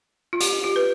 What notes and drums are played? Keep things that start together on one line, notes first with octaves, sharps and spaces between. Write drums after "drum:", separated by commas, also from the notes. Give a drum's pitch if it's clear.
F4
G4, drum: hi-hat
G4
B4